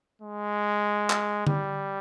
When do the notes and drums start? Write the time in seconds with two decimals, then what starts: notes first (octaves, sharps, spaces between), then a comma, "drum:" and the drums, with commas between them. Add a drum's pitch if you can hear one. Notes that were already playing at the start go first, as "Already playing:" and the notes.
0.22 G#3
1.10 drum: clap
1.47 G3, drum: tom D3